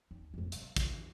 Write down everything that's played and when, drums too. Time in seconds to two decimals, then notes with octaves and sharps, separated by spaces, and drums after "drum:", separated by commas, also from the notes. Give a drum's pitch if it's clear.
0.11 D#2
0.34 F2 G#2
0.52 C3 F#3, drum: hi-hat
0.76 E3 E4, drum: kick, hi-hat